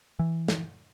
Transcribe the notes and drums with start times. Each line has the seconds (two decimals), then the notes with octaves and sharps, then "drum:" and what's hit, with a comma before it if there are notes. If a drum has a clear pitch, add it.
0.19 E3
0.48 drum: snare